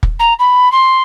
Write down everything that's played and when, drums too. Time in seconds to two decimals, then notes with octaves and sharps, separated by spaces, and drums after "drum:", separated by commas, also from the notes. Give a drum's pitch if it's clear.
0.03 drum: kick
0.19 A#5
0.39 B5
0.72 C6